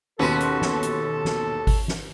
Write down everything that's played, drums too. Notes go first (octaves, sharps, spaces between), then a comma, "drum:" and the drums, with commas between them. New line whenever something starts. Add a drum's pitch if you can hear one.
D#2 B2 C#4 F#4 A4 B4 C6
drum: hi-hat
drum: snare
drum: hi-hat
drum: snare
drum: kick G#1, open hi-hat
drum: snare